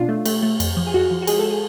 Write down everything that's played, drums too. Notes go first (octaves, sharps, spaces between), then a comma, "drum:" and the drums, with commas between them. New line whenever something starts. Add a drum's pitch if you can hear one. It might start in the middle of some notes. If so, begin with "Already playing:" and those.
Already playing: B2 C#4 D4 F4
A3
A3, drum: cymbal
A3
F2, drum: cymbal
F3
G#4
F2 F#4
F3
F#4
G#3 G#4, drum: cymbal
A4
G#4